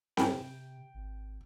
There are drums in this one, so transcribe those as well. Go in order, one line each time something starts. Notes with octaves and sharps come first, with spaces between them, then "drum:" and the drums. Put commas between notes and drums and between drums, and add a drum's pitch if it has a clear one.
G2 G5, drum: snare C4
C3
G#1